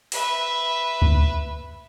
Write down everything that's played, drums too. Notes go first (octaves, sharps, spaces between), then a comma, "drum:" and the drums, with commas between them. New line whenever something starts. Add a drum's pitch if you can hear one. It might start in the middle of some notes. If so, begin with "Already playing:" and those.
B4 E5, drum: open hi-hat
drum: kick D2